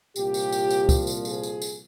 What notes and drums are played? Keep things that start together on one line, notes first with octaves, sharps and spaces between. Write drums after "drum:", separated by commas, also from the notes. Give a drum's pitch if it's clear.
C2 A#2 F3 G4, drum: tambourine
drum: tambourine
drum: tambourine
drum: tambourine
drum: kick, tambourine
drum: tambourine
G#4, drum: tambourine
drum: tambourine
drum: tambourine